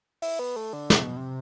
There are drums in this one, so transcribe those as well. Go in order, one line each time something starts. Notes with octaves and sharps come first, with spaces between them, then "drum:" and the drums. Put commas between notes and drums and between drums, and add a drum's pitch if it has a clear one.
E4, drum: open hi-hat
B3
A3
D3
C3, drum: snare
B2
C3